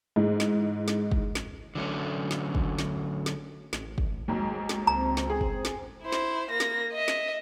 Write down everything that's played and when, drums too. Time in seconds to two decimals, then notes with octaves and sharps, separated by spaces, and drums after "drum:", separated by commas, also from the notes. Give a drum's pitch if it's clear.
0.16 G#2 E3 G#3
0.40 drum: snare
0.88 drum: snare
1.12 drum: kick
1.35 drum: snare
1.75 D3 F#3 A3 C#4
2.31 drum: snare
2.55 drum: kick
2.79 drum: snare
3.26 drum: snare
3.73 A1, drum: snare
3.98 drum: kick
4.28 D#2 G#2 F#3 G#3
4.69 drum: snare
4.87 C#2 C4 A#5
5.17 drum: snare
5.30 G#4
5.41 drum: kick
5.65 drum: snare
6.03 E4 C5
6.12 drum: snare
6.50 A#3 A#6
6.60 drum: snare
6.93 D#5 E5
7.08 drum: snare